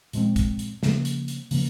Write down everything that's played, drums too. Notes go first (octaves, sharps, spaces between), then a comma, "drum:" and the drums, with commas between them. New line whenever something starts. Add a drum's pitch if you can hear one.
A#2 F3 G#3 C4, drum: hi-hat
drum: kick, hi-hat
drum: hi-hat
C#3 F3 A#3, drum: snare
drum: hi-hat
drum: hi-hat
C#3 F3 A#3, drum: open hi-hat